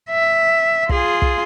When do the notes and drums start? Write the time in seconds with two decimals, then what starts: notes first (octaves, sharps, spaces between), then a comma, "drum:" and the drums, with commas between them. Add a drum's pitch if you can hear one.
0.10 E5
0.89 F4 G#4, drum: kick
1.22 drum: kick